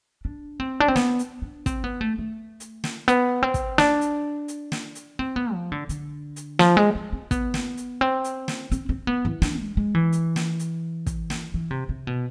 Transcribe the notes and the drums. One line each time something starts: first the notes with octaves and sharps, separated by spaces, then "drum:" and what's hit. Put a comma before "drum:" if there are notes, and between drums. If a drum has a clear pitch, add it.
D4
C4
D4
C4
B3, drum: snare
drum: hi-hat
D4
C4, drum: kick, hi-hat
B3
A3
A3
drum: hi-hat
drum: snare
B3, drum: hi-hat
C4
drum: kick, hi-hat
D4, drum: snare
drum: hi-hat
drum: hi-hat
drum: snare
drum: hi-hat
C4
B3
F3
D3
D3, drum: hi-hat
drum: hi-hat
F3, drum: snare
G#3
C4
C4
B3, drum: kick, hi-hat
drum: snare
drum: hi-hat
C4
drum: hi-hat
drum: snare
C4, drum: hi-hat
C4
B3
E3
D4, drum: snare
G#3
G#3
E3
drum: hi-hat
drum: snare
drum: hi-hat
drum: kick, hi-hat
drum: snare
E3
C3
C3
B2